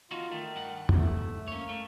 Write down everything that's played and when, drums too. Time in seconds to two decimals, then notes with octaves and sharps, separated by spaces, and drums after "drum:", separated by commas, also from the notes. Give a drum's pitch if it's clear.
0.11 E2 D#4 F4 F#4
0.31 D#3 A3
0.56 G2 F#5
0.89 A3, drum: tom
1.48 A#3 C#4 C#5
1.69 A3